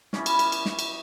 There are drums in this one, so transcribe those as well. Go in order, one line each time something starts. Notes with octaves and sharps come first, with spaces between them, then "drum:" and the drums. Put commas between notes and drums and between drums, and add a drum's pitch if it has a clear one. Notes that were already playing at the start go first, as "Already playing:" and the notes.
E3 G3 B3 C#4, drum: snare
drum: cymbal
drum: cymbal
drum: cymbal
drum: snare
drum: cymbal